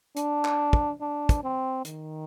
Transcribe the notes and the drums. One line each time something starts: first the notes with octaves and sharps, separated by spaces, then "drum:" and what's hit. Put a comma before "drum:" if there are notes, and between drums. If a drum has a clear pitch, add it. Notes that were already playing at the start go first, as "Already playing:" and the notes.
D4, drum: hi-hat
drum: clap
drum: kick
D4
drum: kick, hi-hat
C4
D#3, drum: hi-hat